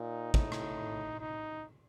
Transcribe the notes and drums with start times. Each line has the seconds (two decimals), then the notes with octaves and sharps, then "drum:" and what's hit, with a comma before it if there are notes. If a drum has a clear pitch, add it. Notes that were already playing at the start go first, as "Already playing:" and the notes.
Already playing: A#2 D#4
0.34 A2, drum: kick
0.52 drum: rim click
1.20 D#4